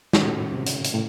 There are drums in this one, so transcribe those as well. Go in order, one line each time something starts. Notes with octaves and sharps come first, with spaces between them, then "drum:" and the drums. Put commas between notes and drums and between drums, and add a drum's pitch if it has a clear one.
G#2 D#3 A3 C#4 F#4, drum: snare
A2
C3
C#3, drum: hi-hat
drum: hi-hat
A2